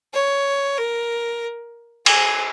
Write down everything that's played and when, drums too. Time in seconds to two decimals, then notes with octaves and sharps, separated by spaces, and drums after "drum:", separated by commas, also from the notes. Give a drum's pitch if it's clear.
0.14 C#5
0.78 A#4
2.06 G#4, drum: cymbal